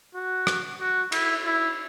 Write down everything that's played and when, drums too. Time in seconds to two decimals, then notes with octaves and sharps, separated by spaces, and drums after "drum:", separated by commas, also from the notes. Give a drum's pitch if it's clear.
0.15 F#4
0.47 drum: rim click
0.80 F#4
1.12 E4, drum: cymbal
1.46 E4